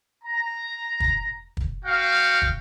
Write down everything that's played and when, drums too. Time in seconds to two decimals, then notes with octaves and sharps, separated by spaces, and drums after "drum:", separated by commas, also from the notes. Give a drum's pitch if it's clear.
0.23 A#5
1.00 drum: kick
1.57 drum: kick
1.85 F#4 F5 G5
2.42 drum: kick